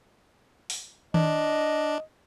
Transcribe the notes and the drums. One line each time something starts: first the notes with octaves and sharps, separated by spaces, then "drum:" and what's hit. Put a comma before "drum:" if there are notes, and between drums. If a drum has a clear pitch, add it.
drum: open hi-hat
D4 D#5, drum: tom D#3